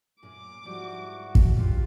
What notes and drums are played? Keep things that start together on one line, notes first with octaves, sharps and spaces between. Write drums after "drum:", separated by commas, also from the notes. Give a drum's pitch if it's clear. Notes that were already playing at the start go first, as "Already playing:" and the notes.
F#2 A#2 G#4 D6
G#2 F3 G3 E4 F#4
drum: kick
E3 G#3 C#4 F4 G4